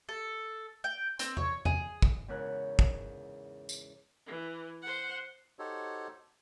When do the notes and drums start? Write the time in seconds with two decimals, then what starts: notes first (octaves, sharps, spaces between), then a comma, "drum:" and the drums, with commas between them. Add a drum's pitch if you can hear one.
0.09 A4
0.84 G5
1.19 C4, drum: hi-hat
1.37 C#5, drum: tom E2
1.65 G#4, drum: tom E2
2.02 drum: kick
2.28 E2 G#2 C#3 A#4 F#6
2.79 drum: kick
3.69 drum: tambourine
4.26 E3
4.82 C5 F#5
5.59 D#4 F#4 G4 A4 C5 C#5